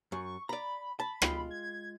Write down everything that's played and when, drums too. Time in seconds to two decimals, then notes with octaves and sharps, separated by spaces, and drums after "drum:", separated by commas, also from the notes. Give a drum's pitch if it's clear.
0.12 F#2 C#6
0.49 D5 A#5 B5
1.00 A5 B5
1.22 G#3 F4 G5, drum: rim click
1.51 G#6